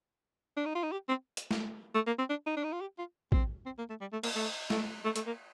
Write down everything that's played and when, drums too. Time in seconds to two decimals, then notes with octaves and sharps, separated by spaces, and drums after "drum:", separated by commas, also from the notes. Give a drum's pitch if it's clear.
0.57 D4
0.66 D#4
0.75 F4
0.83 D#4
0.92 G4
1.09 C4
1.37 drum: hi-hat
1.51 drum: snare
1.95 A3
2.07 A#3
2.18 C4
2.29 D4
2.47 D#4
2.56 D4
2.64 D#4
2.73 F4
2.81 G4
2.98 F4
3.32 C4, drum: kick
3.66 C4
3.78 A#3
3.90 A3
4.01 G3
4.12 A3
4.23 A#3, drum: cymbal
4.36 A3
4.70 A3, drum: snare
5.05 A3
5.16 A3, drum: hi-hat
5.26 A#3